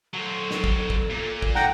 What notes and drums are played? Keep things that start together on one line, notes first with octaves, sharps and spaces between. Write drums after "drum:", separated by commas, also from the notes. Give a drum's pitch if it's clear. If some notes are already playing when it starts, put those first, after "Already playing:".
F#3 A4 C5
drum: snare
drum: kick
drum: kick
A#2
drum: kick
F#5 G5 A#5, drum: snare